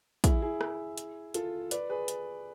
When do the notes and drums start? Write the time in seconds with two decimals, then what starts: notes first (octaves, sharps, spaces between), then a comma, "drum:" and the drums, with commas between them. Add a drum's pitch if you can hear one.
0.24 E4 G#4, drum: kick, hi-hat
0.42 E4 G#4
0.61 drum: rim click
0.98 drum: hi-hat
1.34 F4 A4, drum: hi-hat
1.71 B4 D5, drum: hi-hat
1.90 G#4 B4
2.08 drum: hi-hat